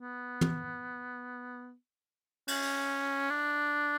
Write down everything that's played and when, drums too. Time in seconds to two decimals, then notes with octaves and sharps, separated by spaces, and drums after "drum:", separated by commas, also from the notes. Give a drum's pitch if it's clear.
0.01 B3
0.41 drum: tom
2.48 C#4, drum: cymbal
2.63 drum: open hi-hat
3.30 D4